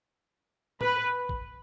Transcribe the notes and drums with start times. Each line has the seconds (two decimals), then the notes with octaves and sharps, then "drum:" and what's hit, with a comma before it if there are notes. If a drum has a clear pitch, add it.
0.81 B4, drum: tom A2
1.29 drum: kick